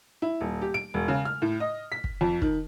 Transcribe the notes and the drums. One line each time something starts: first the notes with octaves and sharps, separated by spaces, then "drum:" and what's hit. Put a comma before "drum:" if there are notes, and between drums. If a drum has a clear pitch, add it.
E4
D#1
G4
D7
E1
C#3
F6
A2
D#5
B6
drum: kick
F2
D#3, drum: kick